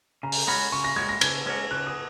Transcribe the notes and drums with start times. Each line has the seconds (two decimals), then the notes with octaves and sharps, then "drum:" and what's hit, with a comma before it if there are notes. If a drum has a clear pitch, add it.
0.23 C#3 A#5
0.32 drum: open hi-hat
0.47 G#3 C#4 F#4 A#4 B5
0.72 C#3 C#6
0.84 A#6
0.96 G#3 C#4 F#4 A#4 G#6
1.09 A#6
1.21 C#3 G#6, drum: cymbal
1.46 G#3 C#4 F#4 A#4
1.71 C#3 F#6
1.87 D#6